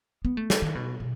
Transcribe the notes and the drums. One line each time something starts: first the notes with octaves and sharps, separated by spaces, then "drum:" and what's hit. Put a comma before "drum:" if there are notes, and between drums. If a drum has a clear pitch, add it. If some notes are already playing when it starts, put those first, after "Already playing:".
B3
A3
G3, drum: snare
D#3
B2
B2